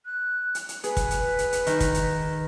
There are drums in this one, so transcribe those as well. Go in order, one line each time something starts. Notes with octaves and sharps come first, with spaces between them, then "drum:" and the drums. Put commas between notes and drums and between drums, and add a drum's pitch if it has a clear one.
F#6
drum: hi-hat
drum: hi-hat
G#4 B4, drum: hi-hat
drum: kick, hi-hat
drum: hi-hat
drum: hi-hat
drum: hi-hat
D#3, drum: hi-hat
drum: kick, hi-hat
drum: hi-hat